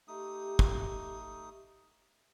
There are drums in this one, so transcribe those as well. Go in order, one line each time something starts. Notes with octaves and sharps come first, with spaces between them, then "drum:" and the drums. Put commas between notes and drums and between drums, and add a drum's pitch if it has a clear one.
A3 D#4 G4 D#6
drum: kick